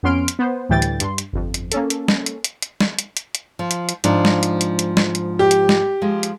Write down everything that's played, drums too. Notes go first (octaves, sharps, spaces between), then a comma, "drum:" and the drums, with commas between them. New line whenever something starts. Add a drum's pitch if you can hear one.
F2 B3 C#4 C6 F6 D7
drum: hi-hat
B3 C5
D2 A2 E3 G3 G5 A6
drum: hi-hat
G2 C6, drum: hi-hat
drum: hi-hat
G1 F2
drum: hi-hat
A#3 C#4 A4, drum: hi-hat
drum: hi-hat
drum: snare
drum: hi-hat
drum: hi-hat
drum: hi-hat
drum: snare
drum: hi-hat
drum: hi-hat
drum: hi-hat
F3
drum: hi-hat
drum: hi-hat
G#2 F3 D4, drum: hi-hat
drum: snare
drum: hi-hat
drum: hi-hat
drum: hi-hat
drum: snare
drum: hi-hat
G4
drum: hi-hat
drum: snare
F3 G#3
drum: hi-hat